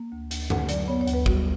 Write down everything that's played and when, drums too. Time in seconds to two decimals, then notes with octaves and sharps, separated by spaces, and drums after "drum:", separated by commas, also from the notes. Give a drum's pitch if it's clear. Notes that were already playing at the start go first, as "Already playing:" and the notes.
Already playing: A#3
0.12 D2
0.31 D2, drum: hi-hat
0.50 D3 F#5, drum: tom F#2
0.69 F#3 D5, drum: hi-hat
0.88 B3 C#5
1.01 C#5
1.07 D2, drum: hi-hat
1.13 B4
1.26 G3 F#4, drum: kick